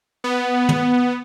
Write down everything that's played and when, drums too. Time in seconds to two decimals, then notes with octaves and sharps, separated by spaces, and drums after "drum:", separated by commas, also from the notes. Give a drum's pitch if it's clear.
0.24 B3
0.69 drum: tom